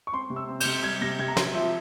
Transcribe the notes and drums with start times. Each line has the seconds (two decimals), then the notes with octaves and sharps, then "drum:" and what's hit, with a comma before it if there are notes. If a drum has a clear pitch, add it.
0.07 C#6
0.13 C4 C6
0.30 C3
0.36 E6
0.49 C4
0.60 G6, drum: cymbal
0.66 C3
0.83 G3 G#6
1.02 C3 A#6
1.19 C3 G#6
1.28 A#5
1.37 C4 C6, drum: snare
1.54 F3 E5